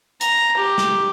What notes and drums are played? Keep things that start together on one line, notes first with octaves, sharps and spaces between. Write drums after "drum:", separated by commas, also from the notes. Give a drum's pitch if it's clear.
A#5, drum: hi-hat
G4
drum: snare